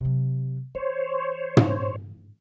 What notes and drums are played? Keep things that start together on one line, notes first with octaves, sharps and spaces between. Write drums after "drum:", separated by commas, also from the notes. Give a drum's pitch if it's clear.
C3 F#3
E3 C5 C#5
drum: tom